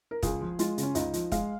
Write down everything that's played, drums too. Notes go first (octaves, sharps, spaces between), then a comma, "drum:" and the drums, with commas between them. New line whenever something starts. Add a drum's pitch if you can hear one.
A#4
C#2 G#4, drum: kick, hi-hat
F3
G#3 F4, drum: hi-hat
C#3, drum: hi-hat
C#4
C#2 D#4, drum: hi-hat
F3, drum: hi-hat
G#3 F5, drum: kick, hi-hat